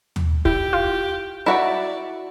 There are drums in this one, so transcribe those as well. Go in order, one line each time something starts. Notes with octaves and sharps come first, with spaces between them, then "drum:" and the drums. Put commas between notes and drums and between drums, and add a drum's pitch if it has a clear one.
drum: tom D#2
E4 G4, drum: kick
F4
E4 F#4 D5 E5